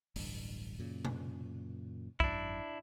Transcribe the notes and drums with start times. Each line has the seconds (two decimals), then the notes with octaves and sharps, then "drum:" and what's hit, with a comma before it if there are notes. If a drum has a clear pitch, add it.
0.16 D1 A1 G2, drum: open hi-hat
0.79 F#2 A#2 C#3
1.05 drum: tom B2
2.20 G#1 F#2 D4 E4, drum: kick